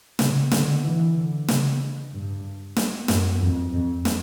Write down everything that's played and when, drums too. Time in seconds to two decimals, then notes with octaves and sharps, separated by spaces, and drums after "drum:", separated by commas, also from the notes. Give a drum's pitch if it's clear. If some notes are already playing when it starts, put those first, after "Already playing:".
0.19 C#3, drum: snare
0.51 D3, drum: snare
0.83 E3
1.15 D3
1.48 C#3, drum: snare
2.12 G2
2.76 drum: snare
3.08 F#2, drum: snare
3.41 F2
3.73 F2
4.05 drum: snare